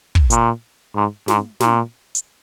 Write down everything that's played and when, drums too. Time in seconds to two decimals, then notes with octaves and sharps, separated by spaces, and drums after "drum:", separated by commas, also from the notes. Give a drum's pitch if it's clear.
0.15 drum: kick
0.30 A#2, drum: hi-hat
0.95 G#2
1.28 G#2, drum: snare
1.60 A#2, drum: snare
2.15 drum: hi-hat